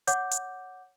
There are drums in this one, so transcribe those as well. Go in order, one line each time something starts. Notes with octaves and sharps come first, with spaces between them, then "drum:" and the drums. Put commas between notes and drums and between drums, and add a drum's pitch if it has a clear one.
C#5 F#5 D6 G6, drum: hi-hat
drum: hi-hat